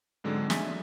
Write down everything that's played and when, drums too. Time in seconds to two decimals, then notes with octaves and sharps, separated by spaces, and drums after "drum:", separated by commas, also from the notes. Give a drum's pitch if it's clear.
0.24 G#2 D3 F#3 G#3 C4 D4
0.50 E5 G#5 A6 B6, drum: snare